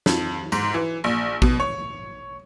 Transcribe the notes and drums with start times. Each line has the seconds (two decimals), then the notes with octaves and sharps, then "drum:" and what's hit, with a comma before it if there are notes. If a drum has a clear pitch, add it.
0.06 F2, drum: snare
0.52 G#2, drum: tambourine
0.74 E3
1.04 A#1
1.42 B2, drum: kick A1
1.60 C#5